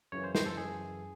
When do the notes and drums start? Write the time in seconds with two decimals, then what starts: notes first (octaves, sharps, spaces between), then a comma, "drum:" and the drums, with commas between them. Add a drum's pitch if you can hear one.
0.12 F#2 C#3 E3 C#5
0.24 C5
0.35 C5, drum: snare
0.46 A4
0.57 G#4